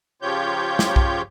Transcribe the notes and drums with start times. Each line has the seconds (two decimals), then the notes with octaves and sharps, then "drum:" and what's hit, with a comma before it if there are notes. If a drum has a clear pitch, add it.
0.22 C#3 F3 F4 G4 C#5 G6
0.79 drum: snare
0.96 drum: kick